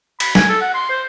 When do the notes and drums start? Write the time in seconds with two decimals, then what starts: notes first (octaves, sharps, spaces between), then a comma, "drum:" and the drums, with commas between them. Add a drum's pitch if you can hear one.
0.20 B5, drum: cymbal
0.35 G#5, drum: snare
0.48 A4
0.61 F#5
0.74 C6
0.90 C5